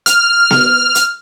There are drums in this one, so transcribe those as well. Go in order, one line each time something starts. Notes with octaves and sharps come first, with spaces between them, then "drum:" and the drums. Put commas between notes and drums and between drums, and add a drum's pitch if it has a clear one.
F6, drum: hi-hat
drum: snare B3
drum: hi-hat